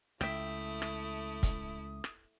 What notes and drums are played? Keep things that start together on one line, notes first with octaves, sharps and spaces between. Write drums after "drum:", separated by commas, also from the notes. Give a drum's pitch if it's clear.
C#2 A3 E4 E5 G5 D#6, drum: rim click
drum: rim click
drum: kick, hi-hat
drum: rim click